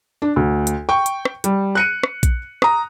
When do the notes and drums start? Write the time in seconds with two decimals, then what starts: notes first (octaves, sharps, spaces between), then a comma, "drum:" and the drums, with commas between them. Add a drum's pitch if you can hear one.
0.22 D4
0.36 D2
0.67 drum: hi-hat
0.89 G5 C#6
1.06 drum: hi-hat
1.25 drum: rim click
1.44 G3, drum: hi-hat
1.75 F#6 C#7 D#7
2.03 drum: rim click
2.23 drum: kick A#1, hi-hat
2.62 A#5 D#6, drum: rim click